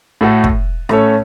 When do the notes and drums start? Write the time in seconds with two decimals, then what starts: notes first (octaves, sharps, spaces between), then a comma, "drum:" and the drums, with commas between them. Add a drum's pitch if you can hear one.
0.21 A2 A3 F#4 A4
0.44 drum: kick
0.89 A2 A3 C#4 A4 C#5, drum: rim click